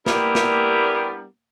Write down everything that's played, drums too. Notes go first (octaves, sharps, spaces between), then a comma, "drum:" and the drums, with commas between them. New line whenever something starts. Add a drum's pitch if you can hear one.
G3 B3 D4 E4 G4 A#4, drum: snare
drum: snare